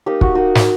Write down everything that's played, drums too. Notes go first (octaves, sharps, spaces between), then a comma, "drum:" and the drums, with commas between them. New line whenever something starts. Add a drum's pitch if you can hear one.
A#3 D#4 G4
F#4, drum: kick
A#3 D#4 F#4
drum: snare